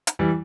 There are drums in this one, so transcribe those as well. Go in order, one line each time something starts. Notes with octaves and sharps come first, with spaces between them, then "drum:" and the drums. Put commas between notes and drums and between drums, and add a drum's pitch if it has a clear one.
drum: hi-hat
E3 G3